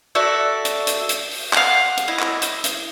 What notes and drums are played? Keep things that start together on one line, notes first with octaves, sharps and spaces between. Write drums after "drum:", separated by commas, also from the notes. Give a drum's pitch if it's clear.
F#4 A4 D5 E5
drum: hi-hat
drum: hi-hat
drum: hi-hat
drum: open hi-hat
F5 F#5, drum: clap
drum: hi-hat
E4 D#5
drum: clap
drum: hi-hat
drum: hi-hat